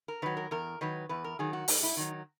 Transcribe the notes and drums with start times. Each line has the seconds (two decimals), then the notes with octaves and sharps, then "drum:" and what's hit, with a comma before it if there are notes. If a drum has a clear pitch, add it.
0.08 A#4
0.22 D#3 F#3 B4
0.37 A#4
0.51 E2 A#4
0.81 D#3 F#3 B4
1.09 E2 B4
1.24 A#4
1.39 D#3 F#3 G#4
1.53 F#4
1.68 G#2 D#4, drum: open hi-hat
1.83 E4
1.97 D#3 F#3 D#4